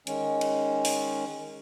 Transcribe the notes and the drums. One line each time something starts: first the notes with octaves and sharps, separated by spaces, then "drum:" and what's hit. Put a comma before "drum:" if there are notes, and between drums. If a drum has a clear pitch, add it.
D#3 G#3 C#4, drum: hi-hat
drum: cymbal
drum: open hi-hat